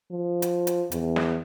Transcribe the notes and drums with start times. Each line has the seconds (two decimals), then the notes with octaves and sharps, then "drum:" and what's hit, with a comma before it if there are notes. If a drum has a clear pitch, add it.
0.11 F3
0.42 drum: hi-hat
0.67 drum: hi-hat
0.92 E2, drum: hi-hat
1.16 drum: snare